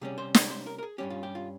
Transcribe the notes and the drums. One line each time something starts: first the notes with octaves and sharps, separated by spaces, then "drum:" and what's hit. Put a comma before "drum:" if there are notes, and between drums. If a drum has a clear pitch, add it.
C3 G3 C#4 G#4
C5
C#5, drum: snare
C5
A#4
A#4
G#4
G2 G3 C#4 G4
F4
G4
F4